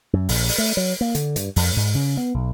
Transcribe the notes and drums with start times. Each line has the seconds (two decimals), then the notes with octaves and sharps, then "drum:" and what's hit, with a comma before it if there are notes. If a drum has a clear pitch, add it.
0.13 F#2
0.29 A#1, drum: open hi-hat
0.48 drum: open hi-hat
0.58 A3
0.77 F#3
1.01 A#3
1.15 D3, drum: hi-hat
1.36 G2, drum: hi-hat
1.56 F2, drum: open hi-hat
1.76 G#2
1.95 C#3
2.17 B3
2.34 B1